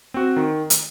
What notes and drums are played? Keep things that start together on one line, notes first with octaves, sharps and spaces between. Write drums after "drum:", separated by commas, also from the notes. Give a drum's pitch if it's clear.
C4 F#4
D#3
drum: hi-hat